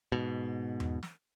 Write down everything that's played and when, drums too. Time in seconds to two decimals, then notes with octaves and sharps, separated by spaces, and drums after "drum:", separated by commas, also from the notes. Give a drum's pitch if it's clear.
0.12 G#2 B2
0.80 drum: tom E2
1.03 drum: snare